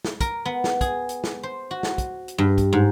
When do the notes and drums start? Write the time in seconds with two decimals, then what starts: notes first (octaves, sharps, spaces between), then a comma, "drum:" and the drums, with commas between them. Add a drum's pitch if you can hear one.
0.05 drum: snare
0.20 A#4, drum: kick, hi-hat
0.45 B3
0.64 drum: snare
0.81 G#4, drum: kick, hi-hat
1.09 drum: hi-hat
1.24 drum: snare
1.43 C5
1.71 F#4
1.83 drum: snare
1.98 drum: kick, hi-hat
2.28 drum: hi-hat
2.38 G2
2.58 drum: kick, hi-hat
2.73 G#2